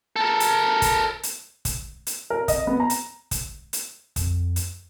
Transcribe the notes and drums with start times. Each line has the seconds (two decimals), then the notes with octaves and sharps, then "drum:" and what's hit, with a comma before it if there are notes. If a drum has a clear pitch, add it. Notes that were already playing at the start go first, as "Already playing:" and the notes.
0.16 A4 A#4
0.40 drum: hi-hat
0.82 drum: kick, hi-hat
1.23 drum: hi-hat
1.65 drum: kick, hi-hat
2.07 drum: hi-hat
2.30 A#4
2.48 D#5, drum: kick, hi-hat
2.67 B3
2.80 A#5
2.90 drum: hi-hat
3.31 drum: kick, hi-hat
3.73 drum: hi-hat
4.16 F2, drum: kick, hi-hat
4.56 drum: hi-hat